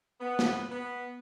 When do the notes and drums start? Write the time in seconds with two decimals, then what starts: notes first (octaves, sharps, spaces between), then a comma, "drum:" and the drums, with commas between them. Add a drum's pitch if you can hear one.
0.21 B3
0.39 drum: snare
0.71 B3